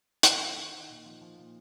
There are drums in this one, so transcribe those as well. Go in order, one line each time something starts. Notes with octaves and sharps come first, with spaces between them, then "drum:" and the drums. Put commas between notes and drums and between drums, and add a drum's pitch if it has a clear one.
D#3 F5, drum: hi-hat
F#5
D#3 F5
D#3
D#3
A#2
F3
F3
A#2